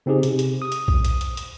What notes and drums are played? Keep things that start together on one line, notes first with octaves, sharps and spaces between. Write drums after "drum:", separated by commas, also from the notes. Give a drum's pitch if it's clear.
C#3 C4 D#4 G4 G#4
C3, drum: hi-hat
drum: hi-hat
D#6
drum: hi-hat
drum: kick B1
drum: hi-hat
drum: hi-hat
drum: hi-hat